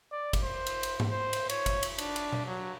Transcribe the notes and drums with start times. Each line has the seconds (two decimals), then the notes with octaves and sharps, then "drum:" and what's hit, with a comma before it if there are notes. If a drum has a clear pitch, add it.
0.11 D5
0.33 drum: kick G1, cymbal
0.43 C5
0.67 drum: cymbal
0.83 drum: cymbal
1.00 drum: tom G#2
1.10 C5
1.33 drum: cymbal
1.49 C#5, drum: cymbal
1.66 drum: kick G1, cymbal
1.83 drum: cymbal
1.98 D4, drum: cymbal
2.16 drum: cymbal
2.32 drum: tom B2
2.46 F#3